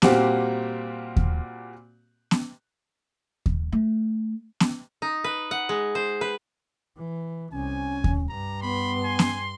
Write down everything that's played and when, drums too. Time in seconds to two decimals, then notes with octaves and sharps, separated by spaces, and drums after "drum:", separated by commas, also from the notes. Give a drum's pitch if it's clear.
0.02 A#2 G3 A#3 C4 F#4 G4, drum: snare B3
1.17 drum: kick D#2
2.31 drum: snare B3
3.46 drum: kick D#2
3.72 A3
4.60 drum: snare B3
5.02 D#4
5.24 B4
5.51 F#5
5.69 G#3
5.95 C5
6.21 B4
6.97 E3
7.52 C2 C#4 G#5
8.04 drum: kick D#2
8.29 G2 A#5
8.63 B3 B5 C6
9.04 G#5
9.19 drum: snare B3